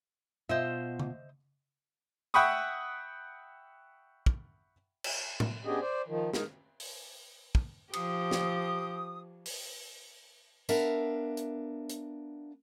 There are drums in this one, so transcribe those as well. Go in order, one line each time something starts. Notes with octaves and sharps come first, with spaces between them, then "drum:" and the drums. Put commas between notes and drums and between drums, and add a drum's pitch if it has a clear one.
B2 F4 C5 D#5 E5
drum: tom C#3
E5 F#5 G5 B5 C#6 D#6
drum: kick
drum: cymbal
drum: tom A2
B3 C#4 D4 G4 G#4 D#5
C5 D5
D#3 F3
G#3 D#4 A#4, drum: snare
drum: open hi-hat
drum: kick
F3 G4 D#6, drum: cymbal
drum: snare
drum: open hi-hat
B3 D4 A#4 E5 F5, drum: tambourine
drum: hi-hat
drum: hi-hat